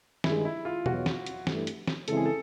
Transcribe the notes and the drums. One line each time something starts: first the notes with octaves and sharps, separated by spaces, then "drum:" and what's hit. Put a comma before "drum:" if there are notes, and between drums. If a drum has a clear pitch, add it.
G2 D#3 G#3 E4, drum: snare
E4
F4
E2 B2 F#3 B3 F#4, drum: tom
drum: snare
drum: hi-hat
G2 E3 A3, drum: snare
drum: hi-hat
drum: snare
C#3 E3 G#3 C4 E4 A4, drum: hi-hat
G#4
A4